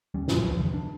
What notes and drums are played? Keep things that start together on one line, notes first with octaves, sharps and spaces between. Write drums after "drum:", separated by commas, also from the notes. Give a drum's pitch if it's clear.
D#2 G3 C#4
F#2 A#2, drum: snare
C#2 F3 G3
F2 C3 D#3
D4